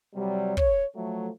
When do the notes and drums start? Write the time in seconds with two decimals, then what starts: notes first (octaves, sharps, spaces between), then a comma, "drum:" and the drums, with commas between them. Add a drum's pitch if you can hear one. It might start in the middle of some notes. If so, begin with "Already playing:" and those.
0.14 C3 F#3 G3
0.57 C#5, drum: kick
0.94 F3 F#3 A3